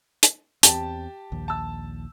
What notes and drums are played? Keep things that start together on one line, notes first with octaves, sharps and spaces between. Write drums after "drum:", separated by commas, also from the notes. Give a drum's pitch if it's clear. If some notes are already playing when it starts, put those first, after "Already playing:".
drum: hi-hat
E2 C4 G4 A5, drum: hi-hat
A#1 D#2
A5 E6